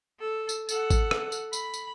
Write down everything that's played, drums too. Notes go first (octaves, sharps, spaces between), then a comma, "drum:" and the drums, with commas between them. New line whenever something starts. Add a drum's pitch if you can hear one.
A4
drum: tambourine
A4 F#5, drum: tambourine
drum: kick, tambourine
drum: rim click
drum: tambourine
B5, drum: tambourine
drum: tambourine